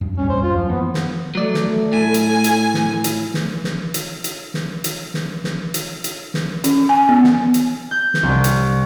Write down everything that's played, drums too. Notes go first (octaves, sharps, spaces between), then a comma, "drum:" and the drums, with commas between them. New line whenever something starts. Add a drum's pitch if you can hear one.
F#2
A1 D#2 G3 C#4
C5
F#2 F4
F3
E3 A#3 B3
drum: snare
F#3 A3 D5
drum: snare
A2 G#5
drum: hi-hat
drum: hi-hat
drum: snare
drum: hi-hat
drum: snare
drum: snare
drum: hi-hat
drum: hi-hat
drum: snare
drum: hi-hat
drum: snare
drum: snare
drum: hi-hat
drum: hi-hat
drum: snare
C#4, drum: hi-hat
G#5
B3
drum: snare
drum: hi-hat
G6
drum: snare
C2
drum: hi-hat